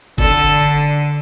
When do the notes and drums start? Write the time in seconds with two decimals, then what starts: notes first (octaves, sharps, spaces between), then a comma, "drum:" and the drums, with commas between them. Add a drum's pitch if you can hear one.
0.18 D3 A4, drum: kick F#1